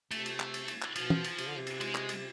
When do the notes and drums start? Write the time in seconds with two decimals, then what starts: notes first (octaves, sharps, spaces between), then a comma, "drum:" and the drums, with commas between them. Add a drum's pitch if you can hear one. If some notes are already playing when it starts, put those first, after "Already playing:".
0.11 C3 A3, drum: cymbal
0.26 drum: cymbal
0.40 drum: clap
0.54 drum: cymbal
0.68 drum: cymbal
0.82 drum: clap
0.96 B2 F3, drum: cymbal
1.10 drum: tom
1.24 drum: cymbal
1.38 C3, drum: cymbal
1.48 D3
1.57 C3
1.67 drum: cymbal
1.81 G#3, drum: cymbal
1.95 drum: clap
2.09 drum: cymbal